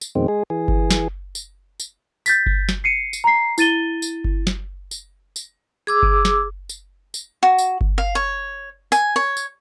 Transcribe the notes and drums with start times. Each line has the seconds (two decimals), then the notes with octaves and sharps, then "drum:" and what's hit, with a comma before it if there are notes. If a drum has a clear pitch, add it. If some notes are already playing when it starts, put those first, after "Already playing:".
0.01 drum: tambourine
0.15 F2 B2 D#3 G#3 C4
0.28 G#3 G#4
0.50 E3 G#4
0.68 drum: kick G1
0.90 drum: snare
1.35 drum: tambourine
1.80 drum: tambourine
2.26 G6 A6 B6, drum: tambourine
2.46 drum: kick G1
2.69 drum: snare
2.84 C7 C#7 D#7
3.13 drum: tambourine
3.24 A#5 C7
3.58 E4 A6 D#7 G7, drum: tambourine
4.02 drum: tambourine
4.24 drum: kick G1
4.47 drum: snare
4.91 drum: tambourine
5.36 drum: tambourine
5.87 G#4 D6 E6
6.03 drum: kick G1
6.25 drum: snare
6.69 drum: tambourine
7.14 drum: tambourine
7.43 F#4
7.58 drum: tambourine
7.81 drum: kick G1
7.98 F5
8.15 C#5
8.92 G#5, drum: tambourine
9.16 C#5
9.37 drum: tambourine